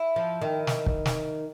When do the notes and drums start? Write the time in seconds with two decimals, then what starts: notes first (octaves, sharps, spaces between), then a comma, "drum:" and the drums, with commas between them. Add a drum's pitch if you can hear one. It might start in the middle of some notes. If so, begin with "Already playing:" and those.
Already playing: E4
0.16 F3
0.42 D#3
0.67 drum: snare
0.86 drum: kick
1.06 drum: snare